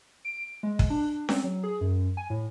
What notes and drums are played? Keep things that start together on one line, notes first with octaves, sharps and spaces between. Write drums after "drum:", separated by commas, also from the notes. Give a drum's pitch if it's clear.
D7
G#3
drum: kick
D4
C4, drum: snare C#4
F#3
G#4
F#2
G#5
A2